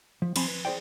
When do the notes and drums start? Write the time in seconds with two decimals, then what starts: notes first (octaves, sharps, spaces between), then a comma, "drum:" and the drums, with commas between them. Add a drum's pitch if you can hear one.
0.22 F3
0.36 F3 C4 G#5 B5 C6, drum: cymbal
0.48 B4
0.65 G#4 B4 C5 D5 G5